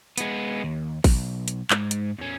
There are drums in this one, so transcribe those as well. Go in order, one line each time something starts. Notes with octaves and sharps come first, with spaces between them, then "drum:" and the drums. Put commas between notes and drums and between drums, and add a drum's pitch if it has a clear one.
G#3 B3, drum: hi-hat
D#2
B1, drum: kick A1, open hi-hat
drum: hi-hat
G#2 G#3, drum: clap
drum: hi-hat
E2 C#4